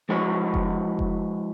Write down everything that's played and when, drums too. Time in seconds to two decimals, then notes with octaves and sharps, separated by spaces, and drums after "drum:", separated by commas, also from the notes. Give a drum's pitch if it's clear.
0.09 F3 G#3 E4 F#4 B4 C#5
0.54 drum: kick F1
0.99 drum: kick F1